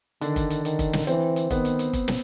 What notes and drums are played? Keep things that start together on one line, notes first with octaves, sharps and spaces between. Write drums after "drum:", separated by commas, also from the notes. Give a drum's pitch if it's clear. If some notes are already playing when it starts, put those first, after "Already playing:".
D3 D#3 D4, drum: hi-hat
drum: kick, hi-hat
drum: hi-hat
D#3, drum: hi-hat
drum: kick, hi-hat
drum: snare
E3 C4, drum: hi-hat
drum: hi-hat
D#3 B3, drum: kick, hi-hat
drum: hi-hat
drum: hi-hat
drum: kick, hi-hat
drum: snare